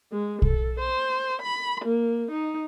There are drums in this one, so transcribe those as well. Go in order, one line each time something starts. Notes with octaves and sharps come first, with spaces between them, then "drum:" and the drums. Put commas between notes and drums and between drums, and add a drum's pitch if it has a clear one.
G#3
A4, drum: kick
C5
B5
A#3
D#4